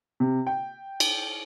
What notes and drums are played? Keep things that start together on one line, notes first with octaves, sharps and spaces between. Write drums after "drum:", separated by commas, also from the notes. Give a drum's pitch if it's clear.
C3
G5
drum: cymbal